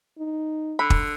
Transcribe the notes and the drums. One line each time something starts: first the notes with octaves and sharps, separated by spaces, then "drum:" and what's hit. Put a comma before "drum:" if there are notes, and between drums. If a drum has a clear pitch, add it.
D#4
D3 B5
drum: kick